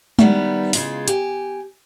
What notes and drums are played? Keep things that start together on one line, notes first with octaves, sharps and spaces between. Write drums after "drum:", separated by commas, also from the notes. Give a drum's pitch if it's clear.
D#3 E3 G3 B3, drum: tom G#3
C#3 G#3 F4, drum: open hi-hat
G4 G#5, drum: hi-hat